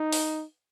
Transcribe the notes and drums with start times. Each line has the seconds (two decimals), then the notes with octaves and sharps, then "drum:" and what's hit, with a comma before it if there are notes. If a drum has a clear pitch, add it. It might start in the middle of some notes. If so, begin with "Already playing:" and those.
Already playing: D#4
0.12 drum: open hi-hat